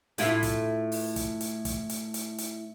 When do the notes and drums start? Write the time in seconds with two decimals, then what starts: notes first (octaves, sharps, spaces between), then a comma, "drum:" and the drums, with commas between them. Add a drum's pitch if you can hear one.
0.18 A2 E4 F4, drum: hi-hat
0.43 drum: kick, hi-hat
0.92 drum: open hi-hat
1.16 drum: kick, hi-hat
1.41 drum: hi-hat
1.65 drum: kick, hi-hat
1.89 drum: hi-hat
2.14 drum: hi-hat
2.38 drum: hi-hat